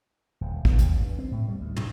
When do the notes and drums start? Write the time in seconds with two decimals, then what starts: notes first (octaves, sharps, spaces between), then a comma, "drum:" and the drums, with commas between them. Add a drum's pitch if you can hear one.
0.41 D#1
0.65 B3, drum: kick G#1
0.79 D#2, drum: hi-hat
0.96 G2
1.19 C4
1.31 A2
1.48 G3
1.61 D2
1.76 G2, drum: tom